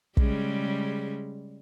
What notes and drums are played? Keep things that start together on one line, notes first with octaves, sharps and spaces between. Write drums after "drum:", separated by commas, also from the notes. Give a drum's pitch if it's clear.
C#3 G3 G#3, drum: kick